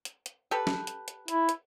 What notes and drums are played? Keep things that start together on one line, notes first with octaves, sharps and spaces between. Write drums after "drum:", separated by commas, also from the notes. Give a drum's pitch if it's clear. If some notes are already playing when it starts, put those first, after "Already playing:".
drum: hi-hat
drum: hi-hat
G4 A4 B4
drum: snare
drum: hi-hat
drum: hi-hat
E4, drum: hi-hat
drum: hi-hat